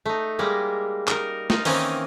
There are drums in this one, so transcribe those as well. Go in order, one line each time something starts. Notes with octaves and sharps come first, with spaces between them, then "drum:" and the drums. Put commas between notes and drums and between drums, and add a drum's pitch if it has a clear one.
A3 D#4
G3 G#3 A#3
D#4 A#4, drum: clap
D#4 F4, drum: snare
D#3 E3 A#3 C4 C#4 D#4, drum: open hi-hat